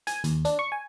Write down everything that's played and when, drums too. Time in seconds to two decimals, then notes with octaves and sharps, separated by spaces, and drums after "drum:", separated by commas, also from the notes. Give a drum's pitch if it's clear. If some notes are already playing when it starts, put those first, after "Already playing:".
0.07 G#5, drum: hi-hat
0.24 D#2, drum: hi-hat
0.45 D4, drum: hi-hat
0.59 C#6
0.72 G#5